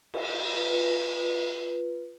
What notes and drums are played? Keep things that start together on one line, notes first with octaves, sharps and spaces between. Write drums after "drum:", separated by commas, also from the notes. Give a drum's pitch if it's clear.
drum: cymbal
F4 B4